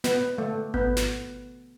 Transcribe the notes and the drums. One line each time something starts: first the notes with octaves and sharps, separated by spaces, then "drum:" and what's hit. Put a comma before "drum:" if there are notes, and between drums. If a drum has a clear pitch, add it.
B3, drum: snare
A3
B3, drum: kick G#1
drum: snare